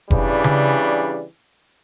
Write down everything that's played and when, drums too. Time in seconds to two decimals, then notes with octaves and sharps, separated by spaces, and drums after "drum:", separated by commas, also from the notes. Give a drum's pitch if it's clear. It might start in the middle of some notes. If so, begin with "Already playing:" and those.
0.11 C#3 E3 G3 D4, drum: kick F1
0.44 drum: tom C#3